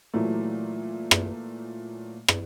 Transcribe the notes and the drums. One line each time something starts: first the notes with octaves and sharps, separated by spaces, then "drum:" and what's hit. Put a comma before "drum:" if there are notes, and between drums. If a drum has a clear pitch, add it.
A#2 E3 F#3 A3
drum: rim click
drum: rim click